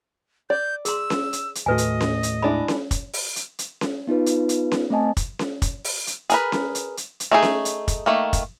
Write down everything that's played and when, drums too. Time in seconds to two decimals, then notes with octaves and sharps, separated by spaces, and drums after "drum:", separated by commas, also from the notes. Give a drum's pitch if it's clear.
0.50 D5 G6
0.85 G#4 C6 E6, drum: hi-hat
1.10 drum: snare C#4
1.33 drum: hi-hat
1.55 drum: hi-hat
1.66 D#2 A2 A3 F#4 B4 D#5 G#5
1.78 drum: hi-hat
2.01 drum: snare C#4
2.23 drum: hi-hat
2.42 G#3 D4 E4 B5
2.68 drum: snare C#4
2.91 drum: kick, hi-hat
3.13 drum: open hi-hat
3.36 drum: hi-hat
3.59 drum: hi-hat
3.81 drum: snare C#4
4.07 B3 D#4 F4 B4
4.26 drum: hi-hat
4.49 drum: hi-hat
4.72 drum: snare C#4
4.90 A3 C4 D#5 G#5 A5
5.17 drum: kick, hi-hat
5.39 drum: snare C#4
5.62 drum: kick, hi-hat
5.84 drum: open hi-hat
6.07 drum: hi-hat
6.30 G#4 A#4 B4, drum: hi-hat
6.52 drum: snare C#4
6.75 drum: hi-hat
6.97 drum: hi-hat
7.20 drum: hi-hat
7.31 A3 D#4 G#4
7.42 drum: snare C#4
7.65 drum: hi-hat
7.88 drum: kick, hi-hat
8.06 D#3 A3 A#3
8.33 drum: kick, hi-hat